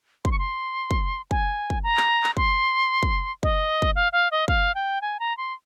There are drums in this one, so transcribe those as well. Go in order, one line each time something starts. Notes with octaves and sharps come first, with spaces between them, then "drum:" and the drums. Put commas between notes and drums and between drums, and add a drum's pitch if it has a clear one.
C6, drum: kick
C#6
C6
drum: kick
G#5, drum: kick
drum: kick
A#5
drum: clap
drum: clap
C6, drum: kick
drum: kick
D#5, drum: kick
drum: kick
F5
F5
D#5
F5, drum: kick
G5
G#5
A#5
C6